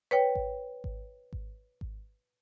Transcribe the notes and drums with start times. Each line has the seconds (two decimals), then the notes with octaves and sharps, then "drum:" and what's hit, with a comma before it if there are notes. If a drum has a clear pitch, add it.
0.11 B4 C#5 G5
0.35 drum: kick G#1
0.84 drum: kick G#1
1.33 drum: kick G#1
1.81 drum: kick G#1